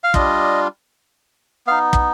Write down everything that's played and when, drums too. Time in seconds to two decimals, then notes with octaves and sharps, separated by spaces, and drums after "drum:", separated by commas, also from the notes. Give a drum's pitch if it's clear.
0.04 F5
0.14 G3 D4 F4 D#5, drum: kick
1.67 B3 D#4 F5
1.93 drum: kick